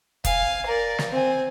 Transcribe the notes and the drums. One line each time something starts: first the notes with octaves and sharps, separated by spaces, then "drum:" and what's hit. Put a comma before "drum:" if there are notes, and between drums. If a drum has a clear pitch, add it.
F5 G#5, drum: kick F#1, hi-hat
A#4 D5
drum: snare
C4 G#5